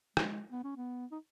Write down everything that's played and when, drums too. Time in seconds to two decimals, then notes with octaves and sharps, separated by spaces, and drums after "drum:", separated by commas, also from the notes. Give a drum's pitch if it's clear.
0.17 G#3, drum: rim click
0.51 B3
0.64 C#4
0.77 B3
1.12 D#4